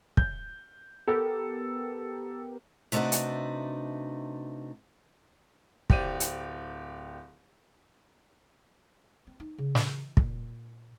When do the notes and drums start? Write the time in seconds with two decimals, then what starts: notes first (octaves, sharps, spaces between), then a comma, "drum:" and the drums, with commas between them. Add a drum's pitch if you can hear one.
0.17 G6, drum: kick
1.07 B3 G4 A4 A#4
2.92 C3 A3 D4 D#4 F#4 B4
3.12 drum: hi-hat
5.90 D1 G4 C5 D5 D#7, drum: kick
6.20 drum: hi-hat
9.27 C4
9.40 D#4
9.58 C#3
9.75 drum: snare
10.17 A#2, drum: kick